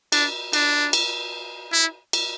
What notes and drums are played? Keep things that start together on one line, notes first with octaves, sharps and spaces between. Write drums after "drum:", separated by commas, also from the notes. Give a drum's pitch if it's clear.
D4, drum: cymbal
D4, drum: cymbal
drum: cymbal
E4
drum: cymbal